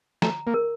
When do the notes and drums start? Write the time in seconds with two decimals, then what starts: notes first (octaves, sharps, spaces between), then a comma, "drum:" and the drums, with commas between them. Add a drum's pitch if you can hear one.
0.22 A3 A#5, drum: snare
0.47 A#3
0.54 A#4